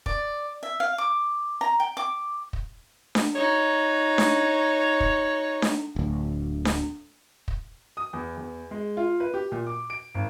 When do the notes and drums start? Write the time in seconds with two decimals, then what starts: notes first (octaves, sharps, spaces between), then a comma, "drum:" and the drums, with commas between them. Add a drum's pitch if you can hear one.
0.06 D5, drum: kick
0.63 E5
0.80 F5
0.98 D6
1.61 A#5
1.80 G5
1.97 D6
2.53 drum: kick
3.15 drum: snare D4
3.35 D#4 F#4 C#5
4.18 drum: snare D4
5.00 drum: kick
5.62 drum: snare D4
5.96 D1 D2
6.65 drum: snare D4
7.48 drum: kick
7.97 D#6
8.13 E2
8.37 E2
8.71 G#3
8.97 F4
9.20 B4
9.34 G4
9.52 A#2
9.67 D6
9.90 D7
10.15 G#1